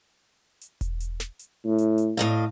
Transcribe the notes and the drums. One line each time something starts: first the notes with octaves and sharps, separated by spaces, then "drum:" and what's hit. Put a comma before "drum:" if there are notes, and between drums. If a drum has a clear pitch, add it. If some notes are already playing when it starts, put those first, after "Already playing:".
drum: hi-hat
drum: kick E1, hi-hat
drum: hi-hat
drum: snare
drum: hi-hat
A2
drum: hi-hat
drum: hi-hat
A2 D#5 F5